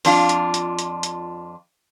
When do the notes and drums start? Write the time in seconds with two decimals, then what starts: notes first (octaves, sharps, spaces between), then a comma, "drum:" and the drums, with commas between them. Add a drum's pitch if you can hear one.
0.05 F2 D4 F4, drum: open hi-hat
0.29 drum: hi-hat
0.54 drum: hi-hat
0.79 drum: hi-hat
1.03 drum: hi-hat